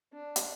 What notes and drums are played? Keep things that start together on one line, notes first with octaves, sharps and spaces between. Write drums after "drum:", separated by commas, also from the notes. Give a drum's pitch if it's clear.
D4
drum: hi-hat